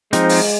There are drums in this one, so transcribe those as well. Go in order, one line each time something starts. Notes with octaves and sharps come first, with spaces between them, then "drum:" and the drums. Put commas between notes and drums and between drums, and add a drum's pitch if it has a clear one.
F3 G#3 C4 D#4, drum: hi-hat
drum: open hi-hat